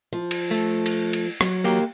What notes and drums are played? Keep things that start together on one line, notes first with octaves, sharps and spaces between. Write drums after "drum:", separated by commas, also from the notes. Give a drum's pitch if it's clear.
F3
drum: cymbal
A3
drum: cymbal
drum: cymbal
F#3, drum: rim click
A#3 G4